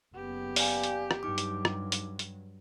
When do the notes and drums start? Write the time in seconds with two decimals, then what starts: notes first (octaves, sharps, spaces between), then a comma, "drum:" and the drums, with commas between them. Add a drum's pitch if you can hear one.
0.15 F#1 B3 G4
0.56 D5 F5 G#5, drum: open hi-hat
0.84 drum: hi-hat
1.11 drum: rim click
1.23 G2 F#3 D#4 D6
1.38 drum: hi-hat
1.65 drum: rim click
1.92 drum: hi-hat
2.19 drum: hi-hat